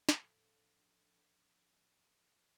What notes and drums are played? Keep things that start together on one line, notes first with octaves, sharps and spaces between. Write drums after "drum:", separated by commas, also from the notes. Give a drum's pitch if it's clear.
drum: snare
A2 F3 C4 A4
C#4 D4